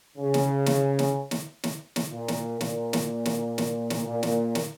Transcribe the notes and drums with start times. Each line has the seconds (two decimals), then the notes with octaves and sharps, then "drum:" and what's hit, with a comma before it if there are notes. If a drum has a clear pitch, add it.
0.18 C#3
0.34 drum: snare
0.66 drum: snare
0.99 drum: snare
1.31 drum: snare
1.64 drum: snare
1.96 drum: snare
2.12 A#2
2.28 drum: snare
2.61 A#2, drum: snare
2.93 drum: snare
3.25 drum: snare
3.58 drum: snare
3.90 drum: snare
4.06 A#2
4.23 drum: snare
4.55 drum: snare